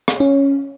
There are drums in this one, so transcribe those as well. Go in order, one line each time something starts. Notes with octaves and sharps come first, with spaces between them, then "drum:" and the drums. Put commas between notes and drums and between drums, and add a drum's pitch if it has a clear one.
drum: rim click
C#4